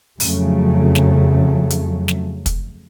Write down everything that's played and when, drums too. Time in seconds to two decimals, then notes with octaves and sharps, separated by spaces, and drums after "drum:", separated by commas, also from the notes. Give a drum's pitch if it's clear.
0.20 F2 C#3 F#3 A3, drum: open hi-hat
0.95 drum: snare
1.70 drum: hi-hat
2.08 drum: snare
2.46 drum: kick, hi-hat